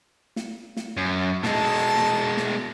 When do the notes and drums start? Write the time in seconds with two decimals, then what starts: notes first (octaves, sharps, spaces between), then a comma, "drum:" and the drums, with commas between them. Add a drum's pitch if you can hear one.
0.36 drum: snare
0.77 drum: snare
0.97 F#2
1.43 B2 G#3 D#4 A4 A5, drum: snare
1.97 drum: snare
2.37 drum: snare